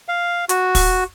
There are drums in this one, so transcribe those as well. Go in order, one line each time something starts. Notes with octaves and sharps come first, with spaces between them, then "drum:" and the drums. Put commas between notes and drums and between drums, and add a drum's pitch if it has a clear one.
F5
F#4, drum: hi-hat
drum: kick, open hi-hat